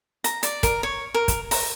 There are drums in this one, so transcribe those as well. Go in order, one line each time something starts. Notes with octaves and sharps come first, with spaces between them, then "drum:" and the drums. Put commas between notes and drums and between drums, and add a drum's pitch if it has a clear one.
A#5, drum: hi-hat
D5, drum: hi-hat
A#4, drum: kick, hi-hat
C#5
A#4
drum: kick, hi-hat
A#5, drum: open hi-hat